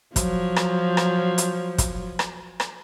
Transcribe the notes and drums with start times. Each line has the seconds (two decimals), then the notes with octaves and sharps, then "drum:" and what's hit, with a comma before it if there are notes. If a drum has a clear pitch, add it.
0.16 F3 F#3, drum: kick, hi-hat
0.56 drum: rim click
0.97 drum: rim click
1.38 drum: hi-hat
1.78 drum: kick, hi-hat
2.19 drum: rim click
2.60 drum: rim click